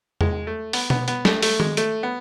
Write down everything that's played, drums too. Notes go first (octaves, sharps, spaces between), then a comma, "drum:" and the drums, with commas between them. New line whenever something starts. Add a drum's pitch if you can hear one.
G#3, drum: tom E2
A3
B3, drum: open hi-hat
B3, drum: tom B2
B3, drum: hi-hat
A3, drum: snare
A3, drum: open hi-hat
G#3, drum: tom D#3
A3, drum: hi-hat
B3